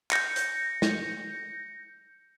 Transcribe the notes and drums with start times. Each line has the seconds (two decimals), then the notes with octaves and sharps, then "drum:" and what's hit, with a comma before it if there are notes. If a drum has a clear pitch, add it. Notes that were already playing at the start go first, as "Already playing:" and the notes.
0.11 G6 A#6 C#7, drum: clap
0.36 drum: hi-hat
0.82 drum: snare